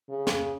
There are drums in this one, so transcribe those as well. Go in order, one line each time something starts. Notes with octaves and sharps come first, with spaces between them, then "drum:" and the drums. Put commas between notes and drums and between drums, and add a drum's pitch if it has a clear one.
C#3
drum: snare